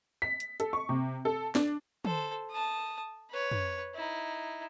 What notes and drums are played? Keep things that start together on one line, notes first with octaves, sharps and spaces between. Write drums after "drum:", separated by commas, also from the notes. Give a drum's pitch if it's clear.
B6
drum: hi-hat
A4, drum: hi-hat
C#6
C3
A4
D4, drum: snare
A4 C5, drum: tom
A5 D#6
B4 C#5
drum: tom
D#4 E4